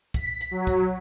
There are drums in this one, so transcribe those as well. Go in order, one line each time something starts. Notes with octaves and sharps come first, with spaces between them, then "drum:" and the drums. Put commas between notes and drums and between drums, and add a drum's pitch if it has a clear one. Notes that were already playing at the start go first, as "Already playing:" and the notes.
B6, drum: kick, hi-hat
drum: hi-hat
F#3
drum: kick, hi-hat